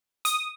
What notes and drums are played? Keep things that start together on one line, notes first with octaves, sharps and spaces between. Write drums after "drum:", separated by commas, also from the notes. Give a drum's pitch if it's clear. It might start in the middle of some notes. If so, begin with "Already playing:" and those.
D#6, drum: hi-hat